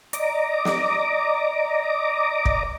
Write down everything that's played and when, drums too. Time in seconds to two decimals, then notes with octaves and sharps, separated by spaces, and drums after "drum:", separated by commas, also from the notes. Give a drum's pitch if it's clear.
0.13 D5 D#5 A#5 D6, drum: hi-hat
0.65 drum: snare
2.45 drum: kick